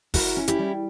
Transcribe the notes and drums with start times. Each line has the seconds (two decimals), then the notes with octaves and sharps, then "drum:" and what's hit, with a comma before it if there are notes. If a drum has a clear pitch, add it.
0.14 E4 F#4 A#4, drum: kick, open hi-hat
0.37 C#4
0.48 E4 G4, drum: hi-hat
0.59 G3